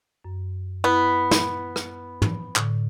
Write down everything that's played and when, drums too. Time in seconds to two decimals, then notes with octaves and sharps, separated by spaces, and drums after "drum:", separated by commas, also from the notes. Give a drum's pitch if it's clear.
0.25 F#2
0.84 B3 E4
1.31 drum: snare
1.76 drum: rim click
2.22 drum: tom
2.56 A2 D3, drum: clap